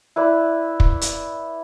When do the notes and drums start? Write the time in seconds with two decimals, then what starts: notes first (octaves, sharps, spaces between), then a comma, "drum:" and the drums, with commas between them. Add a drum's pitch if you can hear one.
0.16 E4 B4 D5
0.80 drum: kick
1.01 drum: hi-hat